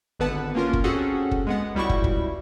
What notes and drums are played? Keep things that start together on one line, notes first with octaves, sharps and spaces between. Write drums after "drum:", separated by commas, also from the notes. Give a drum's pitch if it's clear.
G#1 D3 B3 B4 F#5 A5
A#3 C#4 F4 A#4
drum: kick
C4 C#4 F#4 G#4 A4 F#5
drum: kick
G#3 B3 F#5
C#2 G3 E4 F#4 C#6
drum: kick
drum: kick